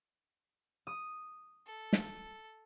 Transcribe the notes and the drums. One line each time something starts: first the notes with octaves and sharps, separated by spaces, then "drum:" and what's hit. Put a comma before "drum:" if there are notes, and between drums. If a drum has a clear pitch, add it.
D#6
A4
drum: snare